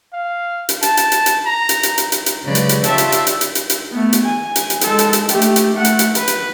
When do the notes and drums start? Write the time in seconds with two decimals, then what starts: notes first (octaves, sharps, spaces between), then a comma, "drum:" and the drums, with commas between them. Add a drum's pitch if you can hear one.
0.13 F5
0.69 drum: hi-hat
0.82 A5, drum: hi-hat
0.97 drum: hi-hat
1.12 drum: hi-hat
1.26 drum: hi-hat
1.46 A#5
1.69 drum: hi-hat
1.83 drum: hi-hat
1.98 drum: hi-hat
2.12 drum: hi-hat
2.26 drum: hi-hat
2.45 C#3 F#3 G#3 B4 D5
2.55 drum: hi-hat
2.69 drum: hi-hat
2.84 C#4 F4 G4 D5 E5 A5, drum: hi-hat
2.98 drum: hi-hat
3.12 drum: hi-hat
3.27 drum: hi-hat
3.41 drum: hi-hat
3.55 drum: hi-hat
3.70 drum: hi-hat
3.91 A3 B3
4.13 drum: hi-hat
4.24 G#5
4.56 drum: hi-hat
4.70 drum: hi-hat
4.81 G#3 A4, drum: hi-hat
4.99 drum: hi-hat
5.13 drum: hi-hat
5.29 A3 G4, drum: hi-hat
5.42 drum: hi-hat
5.56 drum: hi-hat
5.75 A3 F#5
5.85 drum: hi-hat
5.99 drum: hi-hat
6.15 B4, drum: hi-hat
6.28 drum: hi-hat